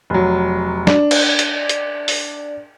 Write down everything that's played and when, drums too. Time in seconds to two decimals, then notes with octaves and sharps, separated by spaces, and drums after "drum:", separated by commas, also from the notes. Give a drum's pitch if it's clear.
0.10 F1 F#3
0.87 D4, drum: snare
1.11 drum: cymbal
1.39 drum: hi-hat
1.69 drum: hi-hat
2.08 drum: open hi-hat